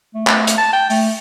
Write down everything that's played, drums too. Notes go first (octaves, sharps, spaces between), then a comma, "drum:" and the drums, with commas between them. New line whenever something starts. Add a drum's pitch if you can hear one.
A3
A3, drum: clap
drum: hi-hat
A5
G5
A3, drum: open hi-hat